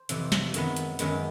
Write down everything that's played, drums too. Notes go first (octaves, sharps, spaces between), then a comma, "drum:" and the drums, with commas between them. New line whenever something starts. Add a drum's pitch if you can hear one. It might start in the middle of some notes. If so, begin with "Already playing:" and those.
Already playing: C5
F2 C3 E3, drum: hi-hat
drum: snare
F#2 D#3 G#3 B3, drum: hi-hat
drum: hi-hat
F#2 D#3 G#3 B3, drum: hi-hat